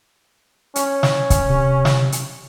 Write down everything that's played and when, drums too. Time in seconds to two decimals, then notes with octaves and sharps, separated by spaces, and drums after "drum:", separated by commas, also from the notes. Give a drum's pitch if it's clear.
0.76 C#4, drum: hi-hat
1.03 drum: snare
1.30 drum: kick C#1, hi-hat
1.49 C3
1.85 drum: snare
2.12 drum: hi-hat